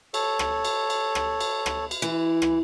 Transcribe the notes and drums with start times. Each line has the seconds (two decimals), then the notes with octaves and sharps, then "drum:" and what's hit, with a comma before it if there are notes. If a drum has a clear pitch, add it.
0.14 A4 C#5, drum: cymbal
0.39 drum: rim click
0.65 drum: cymbal
0.90 drum: cymbal
1.15 drum: rim click
1.40 drum: cymbal
1.66 drum: rim click
1.91 drum: cymbal
2.02 E3
2.42 drum: rim click